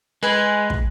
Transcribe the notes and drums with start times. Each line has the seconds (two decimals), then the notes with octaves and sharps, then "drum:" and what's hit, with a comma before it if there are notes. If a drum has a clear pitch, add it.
0.23 G#3 B4 G#5
0.70 drum: kick